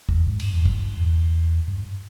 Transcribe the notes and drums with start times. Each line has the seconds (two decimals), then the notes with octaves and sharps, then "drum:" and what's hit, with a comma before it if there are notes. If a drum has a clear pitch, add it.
0.09 E2, drum: kick
0.26 G#2
0.40 G2, drum: cymbal
0.53 E2
0.65 G2, drum: kick
0.97 E2
1.68 G2